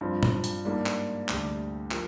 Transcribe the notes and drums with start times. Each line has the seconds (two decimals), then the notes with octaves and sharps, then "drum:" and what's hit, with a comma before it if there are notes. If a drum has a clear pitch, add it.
0.01 G2 F3 C4
0.23 drum: tom
0.44 drum: hi-hat
0.65 G#2 G3 A#3 D4
0.86 drum: clap
1.29 D2 C3 G3 D4 G4, drum: clap
1.91 F3 G4 A#4, drum: clap